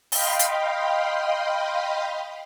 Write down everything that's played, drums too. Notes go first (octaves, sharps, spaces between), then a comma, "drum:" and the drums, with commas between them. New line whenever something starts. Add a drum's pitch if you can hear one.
D#5 F5 G5 B5 C6, drum: open hi-hat
drum: hi-hat